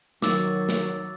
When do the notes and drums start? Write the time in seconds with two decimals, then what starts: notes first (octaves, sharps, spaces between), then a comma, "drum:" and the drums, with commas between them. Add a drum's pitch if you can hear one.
0.22 D#3 F#3 D6 E6 A6, drum: snare
0.69 drum: snare